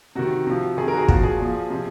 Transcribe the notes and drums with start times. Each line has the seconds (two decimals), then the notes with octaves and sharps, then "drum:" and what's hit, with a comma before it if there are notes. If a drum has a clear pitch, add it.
0.15 C3 D#3 F#4
0.47 C3 F3
0.77 C3 D#3 G#4
0.88 A#4
0.93 F#4
0.98 G#4
1.08 A#2 F3 F#4, drum: kick
1.24 G#4
1.39 A#2 F3
1.70 C3 F3